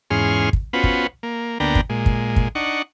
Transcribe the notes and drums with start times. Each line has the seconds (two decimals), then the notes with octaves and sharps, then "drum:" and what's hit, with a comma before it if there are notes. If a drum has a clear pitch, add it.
0.10 E2 G#2 C#4 G#4 C6 F6
0.53 drum: kick
0.73 B3 C#4 F4 F#4 B4 C5
0.84 drum: kick
1.23 A#3
1.60 D2 A#3 B3 D4 G5 A#5
1.75 drum: kick
1.90 A#2 G#3
2.06 drum: kick
2.36 drum: kick
2.55 D4 D#4 F#5 C#6